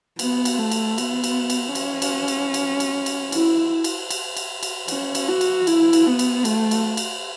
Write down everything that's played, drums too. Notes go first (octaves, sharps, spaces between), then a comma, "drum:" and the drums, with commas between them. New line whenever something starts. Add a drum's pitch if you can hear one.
B3, drum: cymbal
drum: cymbal
A3
drum: cymbal
B3, drum: cymbal
drum: cymbal
drum: cymbal
C#4, drum: cymbal
drum: cymbal
drum: cymbal
drum: cymbal
drum: cymbal
drum: cymbal
E4, drum: cymbal
drum: cymbal
drum: cymbal
drum: cymbal
drum: cymbal
C#4, drum: cymbal
drum: cymbal
F#4
drum: cymbal
E4, drum: cymbal
drum: cymbal
B3
drum: cymbal
A3, drum: cymbal
drum: cymbal
drum: cymbal